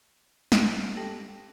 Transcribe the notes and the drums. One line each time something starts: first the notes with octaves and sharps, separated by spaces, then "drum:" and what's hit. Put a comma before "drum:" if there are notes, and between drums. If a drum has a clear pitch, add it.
drum: snare
G4 A4 G5 A5 A#6 F#7